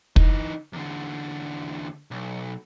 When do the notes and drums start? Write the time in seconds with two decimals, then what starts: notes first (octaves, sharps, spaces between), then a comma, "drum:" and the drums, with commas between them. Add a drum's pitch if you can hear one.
0.16 E3 D#4, drum: kick
0.73 E2 D3
2.11 B1